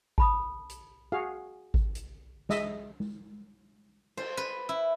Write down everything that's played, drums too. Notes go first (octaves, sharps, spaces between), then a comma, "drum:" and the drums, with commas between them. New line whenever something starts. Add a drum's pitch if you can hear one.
A5 B5 D#6, drum: kick G#1
drum: hi-hat
F#4 G#4 F5
drum: kick G#1
drum: hi-hat
G#3 D#5 E5, drum: snare
drum: tom G#3
C5, drum: cymbal
B4
E4